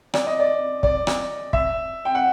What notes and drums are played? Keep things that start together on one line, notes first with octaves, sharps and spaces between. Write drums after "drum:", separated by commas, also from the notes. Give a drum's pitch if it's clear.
D5, drum: rim click
D#5
D5
D5, drum: kick
drum: rim click
E5, drum: kick
G5
F#5